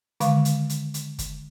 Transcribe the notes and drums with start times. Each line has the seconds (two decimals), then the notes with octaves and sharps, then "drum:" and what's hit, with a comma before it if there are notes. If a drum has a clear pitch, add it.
0.20 D3 D#3 G#3 F5 C#6 D6, drum: hi-hat
0.45 drum: hi-hat
0.69 drum: hi-hat
0.94 drum: hi-hat
1.19 drum: kick, hi-hat